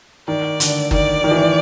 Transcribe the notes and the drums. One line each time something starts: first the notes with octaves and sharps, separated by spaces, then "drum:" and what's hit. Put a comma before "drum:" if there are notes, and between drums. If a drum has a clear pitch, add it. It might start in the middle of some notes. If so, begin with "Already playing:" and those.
D#3 D5
D3, drum: hi-hat
D#3 D5, drum: kick
D#3
E3
D#3